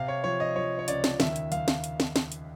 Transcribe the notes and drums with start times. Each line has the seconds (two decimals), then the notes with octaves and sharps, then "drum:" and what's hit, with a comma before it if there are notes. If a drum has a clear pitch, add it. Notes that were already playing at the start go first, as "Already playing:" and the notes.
Already playing: C3 F5
0.08 C#5
0.24 F3 C#5
0.40 D#5
0.56 F3 C#5
0.79 C#5
0.88 C#2 D5, drum: hi-hat
1.04 drum: snare
1.20 D#2 E5, drum: snare
1.36 drum: hi-hat
1.52 D#2 F5, drum: hi-hat
1.68 drum: snare
1.84 drum: hi-hat
2.00 drum: snare
2.16 drum: snare
2.32 drum: hi-hat